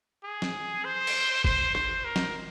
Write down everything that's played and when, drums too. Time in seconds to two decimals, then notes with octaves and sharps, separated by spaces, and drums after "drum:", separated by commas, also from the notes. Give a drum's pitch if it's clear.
0.24 G#4
0.42 drum: snare
0.85 C5
1.07 drum: cymbal
1.44 C5, drum: kick F#1
1.75 C5, drum: rim click
2.05 A#4
2.16 drum: snare